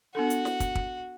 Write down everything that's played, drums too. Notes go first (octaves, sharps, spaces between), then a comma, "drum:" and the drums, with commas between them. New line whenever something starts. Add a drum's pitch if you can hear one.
B3 D4 F#4 A4
drum: hi-hat
drum: snare
drum: kick, hi-hat
drum: kick